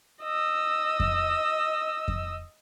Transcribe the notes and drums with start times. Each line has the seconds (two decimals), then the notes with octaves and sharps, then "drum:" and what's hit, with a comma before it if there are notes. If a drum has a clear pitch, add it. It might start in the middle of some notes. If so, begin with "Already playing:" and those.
0.24 D#5 E6
1.00 drum: kick F2
2.08 drum: kick F2